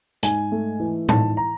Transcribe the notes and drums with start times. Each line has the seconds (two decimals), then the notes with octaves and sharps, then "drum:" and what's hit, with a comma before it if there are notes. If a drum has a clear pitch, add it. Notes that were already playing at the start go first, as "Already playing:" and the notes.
0.23 G#2 G#5, drum: hi-hat
0.52 A3
0.80 E3
1.09 G#2 A5, drum: tom
1.37 A#5